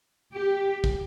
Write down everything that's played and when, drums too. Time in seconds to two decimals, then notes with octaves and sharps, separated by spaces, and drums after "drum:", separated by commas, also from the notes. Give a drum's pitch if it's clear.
0.33 G4
0.84 drum: kick